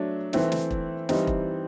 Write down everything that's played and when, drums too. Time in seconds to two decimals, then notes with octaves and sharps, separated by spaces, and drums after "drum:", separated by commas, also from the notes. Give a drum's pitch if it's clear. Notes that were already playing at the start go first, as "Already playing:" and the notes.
Already playing: F#3 A3 D4
0.33 E3 A3 C4 E4, drum: snare
0.52 drum: snare
0.71 drum: kick E1
1.09 E3 G3 C4 D#4, drum: snare
1.27 drum: kick E1